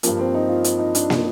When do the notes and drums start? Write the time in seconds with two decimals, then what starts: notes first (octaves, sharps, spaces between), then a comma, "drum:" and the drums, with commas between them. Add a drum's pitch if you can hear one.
0.03 G2 F3 A#3, drum: hi-hat
0.19 C4
0.34 D#4
0.49 F4
0.64 F4, drum: hi-hat
0.79 D#4
0.95 D4, drum: hi-hat
1.10 drum: snare